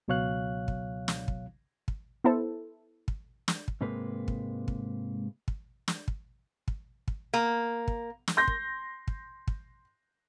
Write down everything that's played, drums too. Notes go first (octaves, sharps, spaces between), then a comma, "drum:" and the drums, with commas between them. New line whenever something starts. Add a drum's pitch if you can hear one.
C#2 B2 F#3 C#5 F5 F#6
drum: kick
drum: snare
drum: kick
drum: kick
B3 E4 A4 C5
drum: kick
drum: snare
drum: kick
G#2 C3 G#3 A#3 B4
drum: kick
drum: kick
drum: kick
drum: snare
drum: kick
drum: kick
drum: kick
A#3
drum: kick
drum: snare
C6 G6 A#6
drum: kick
drum: kick
drum: kick